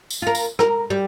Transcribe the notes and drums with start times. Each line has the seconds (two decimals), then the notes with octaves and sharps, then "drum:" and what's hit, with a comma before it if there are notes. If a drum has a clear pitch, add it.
0.10 drum: tambourine
0.22 F4 A#4
0.35 drum: tambourine
0.59 A#4, drum: rim click
0.90 G3